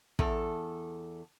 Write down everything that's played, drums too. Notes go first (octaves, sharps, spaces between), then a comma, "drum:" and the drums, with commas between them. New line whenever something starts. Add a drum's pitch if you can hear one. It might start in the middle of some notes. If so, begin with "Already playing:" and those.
E2 A4, drum: kick